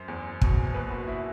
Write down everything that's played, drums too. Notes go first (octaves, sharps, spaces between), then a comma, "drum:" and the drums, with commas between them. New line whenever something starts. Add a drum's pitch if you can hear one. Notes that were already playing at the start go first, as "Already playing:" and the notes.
Already playing: F#2 C5
E2
B2, drum: kick
F#1 B4
F#4
E4